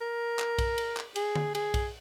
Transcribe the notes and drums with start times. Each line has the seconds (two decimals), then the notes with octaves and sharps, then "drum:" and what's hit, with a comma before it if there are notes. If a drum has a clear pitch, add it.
0.01 A#4
0.39 drum: clap
0.58 drum: kick B1, cymbal
0.78 drum: cymbal
0.97 drum: clap
1.16 G#4, drum: cymbal
1.35 drum: tom D3
1.55 G#4, drum: cymbal
1.74 drum: kick B1, cymbal